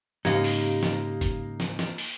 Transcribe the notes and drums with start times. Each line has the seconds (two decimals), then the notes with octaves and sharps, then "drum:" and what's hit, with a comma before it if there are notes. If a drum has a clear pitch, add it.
0.25 G#2 C#3 A#3 D#4 G4 F5, drum: snare
0.44 drum: open hi-hat
0.83 drum: snare
1.21 drum: kick, hi-hat
1.60 drum: snare
1.79 drum: snare
1.98 drum: open hi-hat